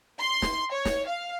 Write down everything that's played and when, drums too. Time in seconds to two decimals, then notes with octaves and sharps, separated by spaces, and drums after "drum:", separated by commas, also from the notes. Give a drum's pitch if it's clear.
0.19 C6
0.42 drum: snare
0.71 C#5
0.85 drum: snare
1.07 F5